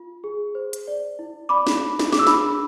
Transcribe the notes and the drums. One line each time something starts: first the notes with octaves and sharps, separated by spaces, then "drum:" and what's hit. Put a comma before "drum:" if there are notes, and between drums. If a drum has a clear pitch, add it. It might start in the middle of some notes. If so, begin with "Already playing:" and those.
Already playing: F4
G#4
C5
drum: hi-hat
D5
E4
D5 B5 D6
drum: snare
E4
drum: snare
G#4 D6, drum: snare
E6
B5 D6, drum: snare
D4